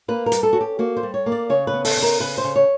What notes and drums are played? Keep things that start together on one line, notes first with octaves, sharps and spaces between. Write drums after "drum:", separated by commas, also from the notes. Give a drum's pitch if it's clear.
A#3 B4
A#4
G3, drum: hi-hat
A4
C#4 F#4
G4
A#3 F#4
C5
G3
C#5
A#3
D5
C#3 C#5
B4
B3
A4, drum: open hi-hat
C#3
A#4
C#3 B4
C5
C#3
C#5